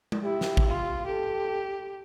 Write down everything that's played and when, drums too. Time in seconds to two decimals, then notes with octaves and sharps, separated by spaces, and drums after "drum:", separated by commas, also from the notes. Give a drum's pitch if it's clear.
0.12 drum: tom G#3
0.24 E4 G4
0.41 drum: snare
0.57 drum: kick
0.66 F4
1.07 G4 A4